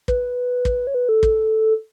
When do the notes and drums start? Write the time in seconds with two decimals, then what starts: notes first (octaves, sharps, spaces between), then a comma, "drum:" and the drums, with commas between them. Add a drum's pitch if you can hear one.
0.08 B4, drum: kick
0.65 drum: kick
0.87 C#5
0.94 B4
1.09 A4
1.23 drum: kick